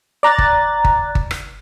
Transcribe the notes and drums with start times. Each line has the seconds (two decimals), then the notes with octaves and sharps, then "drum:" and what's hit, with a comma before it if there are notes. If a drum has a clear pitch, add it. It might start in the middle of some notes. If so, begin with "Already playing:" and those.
0.23 D5 A#5 F#6 A6
0.38 drum: kick G1
0.85 drum: kick G1
1.15 drum: kick G1
1.31 drum: rim click